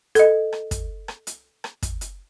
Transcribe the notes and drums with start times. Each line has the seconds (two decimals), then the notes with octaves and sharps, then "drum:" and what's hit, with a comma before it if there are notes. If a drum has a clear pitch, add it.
0.15 A4 D#5, drum: hi-hat
0.53 drum: rim click
0.71 drum: kick, hi-hat
1.08 drum: rim click
1.27 drum: hi-hat
1.64 drum: rim click
1.82 drum: kick, hi-hat
2.01 drum: hi-hat